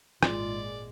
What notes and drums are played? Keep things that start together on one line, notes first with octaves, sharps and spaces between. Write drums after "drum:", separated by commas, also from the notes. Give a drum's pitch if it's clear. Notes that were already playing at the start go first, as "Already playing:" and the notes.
G#1 A#2 G#3 F4 D5, drum: rim click